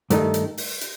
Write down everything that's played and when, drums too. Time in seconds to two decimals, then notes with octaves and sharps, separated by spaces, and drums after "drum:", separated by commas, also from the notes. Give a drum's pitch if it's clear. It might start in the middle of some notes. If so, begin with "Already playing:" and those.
0.10 G2 D#3 A3 D#4, drum: hi-hat
0.34 drum: hi-hat
0.58 drum: open hi-hat
0.81 drum: hi-hat